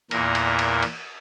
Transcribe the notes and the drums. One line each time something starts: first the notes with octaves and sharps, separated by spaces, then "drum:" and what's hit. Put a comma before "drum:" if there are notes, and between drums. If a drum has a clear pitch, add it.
E2 A#2 A#4, drum: cymbal
drum: cymbal
drum: cymbal
drum: cymbal